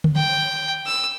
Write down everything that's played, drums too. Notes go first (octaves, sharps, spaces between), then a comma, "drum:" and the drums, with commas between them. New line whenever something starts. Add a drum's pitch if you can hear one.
drum: tom D3
G5
E6